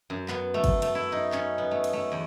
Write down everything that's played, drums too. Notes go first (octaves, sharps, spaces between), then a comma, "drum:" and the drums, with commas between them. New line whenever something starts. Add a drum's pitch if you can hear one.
F#2
B3, drum: clap
A3
drum: kick, cymbal
A3, drum: cymbal
E4
D#4
C#4, drum: clap
B3
A3
drum: cymbal
A3
E2